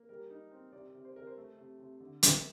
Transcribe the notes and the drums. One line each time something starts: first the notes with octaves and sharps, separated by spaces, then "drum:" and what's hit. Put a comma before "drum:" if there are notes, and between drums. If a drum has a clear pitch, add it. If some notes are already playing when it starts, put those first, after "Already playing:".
Already playing: A#3
G3 A#4
D#4
C4
C3 D5
C3
C5
C3 A#4
C5
A3
C3
C3
D3
A#3, drum: hi-hat